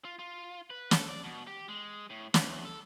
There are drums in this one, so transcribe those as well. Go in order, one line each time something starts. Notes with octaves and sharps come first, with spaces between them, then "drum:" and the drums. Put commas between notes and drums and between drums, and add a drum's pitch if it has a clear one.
F4
F4
B4
A4, drum: snare
D5
B2
G4
G#3
A2
E2, drum: snare
A4